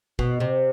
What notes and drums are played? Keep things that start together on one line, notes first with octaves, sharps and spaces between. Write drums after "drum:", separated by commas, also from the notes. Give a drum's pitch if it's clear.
B2, drum: kick
C3